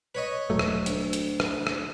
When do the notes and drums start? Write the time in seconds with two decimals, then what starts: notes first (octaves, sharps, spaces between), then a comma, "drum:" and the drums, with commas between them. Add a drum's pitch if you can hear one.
0.15 B4 C#5 D#5
0.50 E1 F#3 A3
0.59 drum: rim click
0.86 D2, drum: hi-hat
1.13 drum: hi-hat
1.40 drum: rim click
1.67 drum: rim click